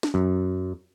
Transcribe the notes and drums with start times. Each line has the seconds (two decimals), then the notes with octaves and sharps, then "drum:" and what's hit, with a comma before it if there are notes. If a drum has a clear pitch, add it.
0.03 drum: snare
0.14 F#2